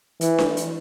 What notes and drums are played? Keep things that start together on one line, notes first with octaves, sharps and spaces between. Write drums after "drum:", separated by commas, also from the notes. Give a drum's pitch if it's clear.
E3, drum: hi-hat
drum: snare D4
drum: hi-hat